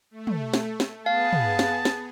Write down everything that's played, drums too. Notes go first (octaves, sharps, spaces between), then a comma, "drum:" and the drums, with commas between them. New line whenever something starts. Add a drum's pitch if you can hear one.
A3
drum: tom
drum: snare
drum: snare
B3 G#4 F5 A5
drum: tom
drum: snare
drum: snare